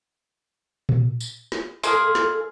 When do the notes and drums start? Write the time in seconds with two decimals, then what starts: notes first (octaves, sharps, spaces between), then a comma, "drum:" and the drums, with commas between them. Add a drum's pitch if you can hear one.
0.89 drum: tom A#2
1.20 drum: tambourine
1.52 drum: snare
1.84 G#3 A#3 G#4 A4 C6 F6, drum: tambourine
2.15 drum: snare